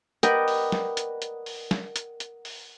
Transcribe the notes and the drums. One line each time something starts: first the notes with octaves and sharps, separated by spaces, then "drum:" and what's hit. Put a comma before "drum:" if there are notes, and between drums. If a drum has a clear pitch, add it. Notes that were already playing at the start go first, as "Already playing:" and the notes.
A#4 B4 D5 D#5 F#5 G5, drum: hi-hat
drum: open hi-hat
drum: snare
drum: hi-hat
drum: hi-hat
drum: open hi-hat
drum: snare
drum: hi-hat
drum: hi-hat
drum: open hi-hat